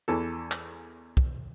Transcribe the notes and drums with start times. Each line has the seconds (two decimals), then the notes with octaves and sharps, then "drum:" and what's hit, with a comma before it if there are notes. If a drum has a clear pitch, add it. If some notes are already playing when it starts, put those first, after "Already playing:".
0.08 E2 E3 A4
0.51 drum: clap
1.17 drum: kick